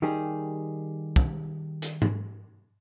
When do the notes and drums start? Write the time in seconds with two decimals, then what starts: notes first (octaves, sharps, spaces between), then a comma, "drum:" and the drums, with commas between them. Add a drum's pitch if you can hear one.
0.02 D#3 G3 D#4 G4 G#4
1.16 drum: kick
1.82 drum: hi-hat
2.02 drum: tom G#2